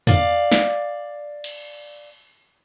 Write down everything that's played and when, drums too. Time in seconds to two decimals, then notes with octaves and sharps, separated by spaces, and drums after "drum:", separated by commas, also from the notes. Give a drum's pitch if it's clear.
0.07 D5 F5, drum: tom E2
0.52 drum: snare
1.44 drum: cymbal